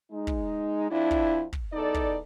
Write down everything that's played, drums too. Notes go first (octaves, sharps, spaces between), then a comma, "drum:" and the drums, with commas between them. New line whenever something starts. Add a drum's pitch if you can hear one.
G#3 D#4
drum: kick
F2 D4 E4
drum: kick
drum: kick
E2 D#4 A4 D5
drum: kick